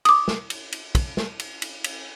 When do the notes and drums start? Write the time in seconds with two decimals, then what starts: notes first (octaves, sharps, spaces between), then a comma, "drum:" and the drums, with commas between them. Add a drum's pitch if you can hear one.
0.05 D6 D#6, drum: cymbal
0.28 drum: snare
0.50 drum: cymbal
0.72 drum: cymbal
0.95 drum: kick, cymbal
1.17 drum: snare
1.40 drum: cymbal
1.62 drum: cymbal
1.84 drum: cymbal